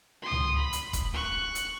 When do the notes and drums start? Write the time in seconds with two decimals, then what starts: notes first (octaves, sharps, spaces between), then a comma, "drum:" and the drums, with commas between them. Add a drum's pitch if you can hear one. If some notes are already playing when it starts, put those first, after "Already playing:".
0.22 C6 D#6
0.31 drum: tom C#2
0.56 B5
0.73 drum: hi-hat
0.93 drum: kick, hi-hat
1.14 C#6 F#6
1.55 drum: hi-hat